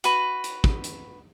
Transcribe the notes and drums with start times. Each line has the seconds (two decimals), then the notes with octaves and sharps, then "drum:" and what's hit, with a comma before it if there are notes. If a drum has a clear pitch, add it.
0.04 F#4 B4, drum: hi-hat
0.44 drum: hi-hat
0.64 drum: kick
0.84 drum: hi-hat